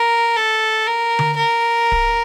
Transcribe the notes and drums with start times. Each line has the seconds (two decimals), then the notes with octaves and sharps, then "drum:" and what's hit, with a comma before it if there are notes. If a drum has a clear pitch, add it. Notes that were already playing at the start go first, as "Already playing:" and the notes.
Already playing: A#4
0.36 A4
0.87 A#4
1.19 drum: tom D3
1.36 A#4
1.92 drum: kick D1